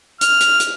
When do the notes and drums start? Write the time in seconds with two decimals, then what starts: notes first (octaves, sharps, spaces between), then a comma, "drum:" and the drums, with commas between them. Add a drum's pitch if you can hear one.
0.21 F6, drum: hi-hat
0.40 drum: hi-hat
0.60 drum: hi-hat